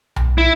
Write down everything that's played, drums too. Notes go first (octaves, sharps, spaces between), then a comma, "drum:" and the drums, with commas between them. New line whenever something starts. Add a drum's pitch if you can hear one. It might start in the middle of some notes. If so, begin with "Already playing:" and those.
drum: tom B1
E4